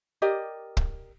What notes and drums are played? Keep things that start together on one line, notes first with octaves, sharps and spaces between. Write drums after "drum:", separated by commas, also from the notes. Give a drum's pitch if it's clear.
G4 A#4 D5 D#5
drum: kick